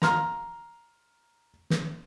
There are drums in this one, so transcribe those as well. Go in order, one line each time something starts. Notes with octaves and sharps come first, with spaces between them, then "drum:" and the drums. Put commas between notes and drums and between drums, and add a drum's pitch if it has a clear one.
A#5 C6 F6, drum: snare
drum: snare